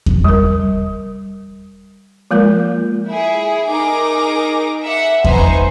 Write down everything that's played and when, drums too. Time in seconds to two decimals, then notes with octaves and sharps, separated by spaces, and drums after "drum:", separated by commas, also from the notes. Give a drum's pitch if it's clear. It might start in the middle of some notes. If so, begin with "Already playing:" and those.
0.06 drum: kick E2
0.24 G3 A#4
2.31 F3 G#3 A#3 F4 A#4
3.07 E4 G#4
3.70 D#4 G#4 A#4 D6 A#6
4.84 E5 F#5
5.24 D#4 B4 C5 G#5 A#5 C#6, drum: kick E2